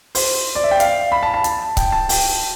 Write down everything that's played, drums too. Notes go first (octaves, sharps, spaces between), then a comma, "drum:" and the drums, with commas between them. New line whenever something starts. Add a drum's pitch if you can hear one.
C5, drum: open hi-hat
D5
E5
G5
F5, drum: hi-hat
B5
A5
A5
A5, drum: hi-hat
G5, drum: kick C#1, hi-hat
A5
G5, drum: open hi-hat